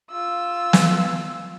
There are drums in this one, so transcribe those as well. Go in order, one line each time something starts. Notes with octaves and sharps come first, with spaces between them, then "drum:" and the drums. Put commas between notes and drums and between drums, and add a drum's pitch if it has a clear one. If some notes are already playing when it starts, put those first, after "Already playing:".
F4 E6
drum: snare